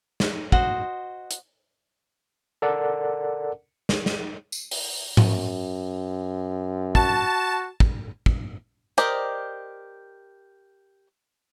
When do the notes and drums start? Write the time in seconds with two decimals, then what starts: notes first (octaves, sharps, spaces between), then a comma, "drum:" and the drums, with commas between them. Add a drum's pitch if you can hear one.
0.20 drum: snare
0.52 F#4 C5 D#5, drum: kick
1.31 drum: hi-hat
2.62 A4 A#4 D5 F#5
3.89 drum: snare
4.06 drum: snare
4.52 drum: tambourine
4.71 drum: open hi-hat
5.17 F#2, drum: tom G#2
6.95 F#4 A5, drum: kick
7.80 drum: kick
8.26 drum: kick
8.98 G4 A#4 C5 D5 D#5, drum: hi-hat